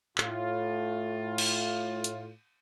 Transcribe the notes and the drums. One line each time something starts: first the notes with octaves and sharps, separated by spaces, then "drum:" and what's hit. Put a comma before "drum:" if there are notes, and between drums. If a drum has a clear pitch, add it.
A2 F4, drum: clap
drum: cymbal
drum: hi-hat